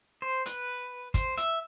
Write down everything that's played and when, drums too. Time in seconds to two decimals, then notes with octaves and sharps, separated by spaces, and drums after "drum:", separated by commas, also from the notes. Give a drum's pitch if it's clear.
0.22 C5
0.46 B4, drum: hi-hat
1.14 C5, drum: kick, hi-hat
1.38 E5, drum: hi-hat